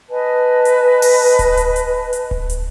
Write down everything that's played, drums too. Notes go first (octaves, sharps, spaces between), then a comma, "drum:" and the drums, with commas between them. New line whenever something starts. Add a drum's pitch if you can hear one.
B4 D#5 G#5 A5
drum: hi-hat
drum: open hi-hat
drum: kick D1, hi-hat
drum: hi-hat
drum: hi-hat
drum: hi-hat
drum: kick D1
drum: hi-hat